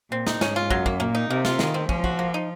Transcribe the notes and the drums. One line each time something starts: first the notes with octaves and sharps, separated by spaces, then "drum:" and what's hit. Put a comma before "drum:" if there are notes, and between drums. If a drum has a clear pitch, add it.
A#2 C4
D#4, drum: snare
G#2 C#4, drum: snare
F4
F#2 F#3, drum: kick
A#3, drum: kick
A#2 A#3
D#4
C3 A#3
F4, drum: snare
D#3 G#3, drum: snare
C4
F3 C#4, drum: kick
F#4, drum: kick
A#3
D#4